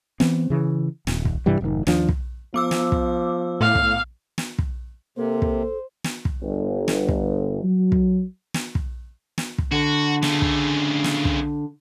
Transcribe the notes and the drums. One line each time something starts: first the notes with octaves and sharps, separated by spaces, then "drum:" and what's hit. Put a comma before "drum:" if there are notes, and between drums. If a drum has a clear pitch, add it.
E3 B3 C4, drum: snare
C#3 E3
D#1, drum: snare
drum: kick
G2 C3 E3 G3
F1 G#2 D#3
D#2 D#3 F3 D4, drum: snare
drum: kick
F3 B3 D6 E6
drum: snare
drum: kick
A2 F5
drum: kick
drum: snare
drum: kick
C3 A#3 A4 C5
drum: kick
drum: snare
drum: kick
G1
drum: snare
drum: kick
F#3
drum: kick
drum: snare
drum: kick
drum: snare
drum: kick
D3 F#4
C#3 A3, drum: snare
drum: kick
drum: snare
drum: kick